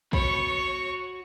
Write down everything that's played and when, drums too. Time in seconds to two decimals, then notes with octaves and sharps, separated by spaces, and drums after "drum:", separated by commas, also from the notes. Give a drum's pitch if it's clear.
0.13 F#4 C#5 B5 C#6, drum: kick